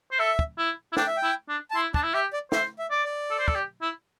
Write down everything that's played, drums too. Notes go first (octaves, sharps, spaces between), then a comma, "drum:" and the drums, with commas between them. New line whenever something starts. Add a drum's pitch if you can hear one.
C5
A4 E5
drum: kick
E4
E4
D4 G5, drum: snare
E5
G5
E4
D4
A5
E4 C6
D4 A5, drum: kick
E4
G4 E5
D5
C5 E5, drum: snare
E5
D5
D5
A4
C5
A4, drum: kick
G4
E4